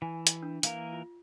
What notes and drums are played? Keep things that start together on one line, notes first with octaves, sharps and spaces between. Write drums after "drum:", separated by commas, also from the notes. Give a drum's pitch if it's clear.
E3 G#5
drum: hi-hat
D4
E3 A#3 A#4 F5, drum: hi-hat
F4